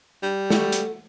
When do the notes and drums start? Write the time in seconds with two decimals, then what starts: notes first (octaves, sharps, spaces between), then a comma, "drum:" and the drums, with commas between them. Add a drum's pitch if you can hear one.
0.23 G3
0.50 A3 F#4, drum: snare
0.72 drum: hi-hat